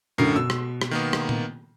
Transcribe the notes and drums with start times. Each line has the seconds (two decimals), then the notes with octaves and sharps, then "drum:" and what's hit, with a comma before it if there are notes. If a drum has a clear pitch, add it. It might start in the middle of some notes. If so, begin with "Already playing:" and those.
0.18 F#2 A2 D3 A#4 C7
0.36 B2 E6
0.50 drum: rim click
0.82 drum: rim click
0.91 D#3 A#3 B3
1.13 drum: rim click
1.29 drum: tom A#2